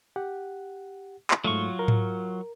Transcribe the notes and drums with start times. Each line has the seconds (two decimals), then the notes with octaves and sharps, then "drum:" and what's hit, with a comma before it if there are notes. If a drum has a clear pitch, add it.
0.16 G4 F#5
1.31 drum: clap
1.44 G#2 F#3 A3 F4 C#6
1.79 A#4
1.88 drum: tom G#2